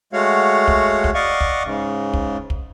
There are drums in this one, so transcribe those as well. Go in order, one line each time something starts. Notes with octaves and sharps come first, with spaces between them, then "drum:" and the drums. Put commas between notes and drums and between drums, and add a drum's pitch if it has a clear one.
G#3 A3 F#4 C#5 F5 F#5
drum: kick
drum: kick
D5 D#5 F5 F#5 C#6
drum: kick
G#2 C#3
drum: kick
drum: kick